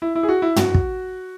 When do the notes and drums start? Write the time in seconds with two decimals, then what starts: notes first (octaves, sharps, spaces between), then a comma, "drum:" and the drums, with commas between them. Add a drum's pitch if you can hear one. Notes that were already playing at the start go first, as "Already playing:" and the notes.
0.02 E4
0.15 E4
0.23 G#4
0.29 F#4
0.42 E4
0.56 F#4, drum: tom
0.74 drum: kick